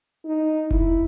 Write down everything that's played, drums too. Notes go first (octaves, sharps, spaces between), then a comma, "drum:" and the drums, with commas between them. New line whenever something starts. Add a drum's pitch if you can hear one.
D#4
E4, drum: kick F1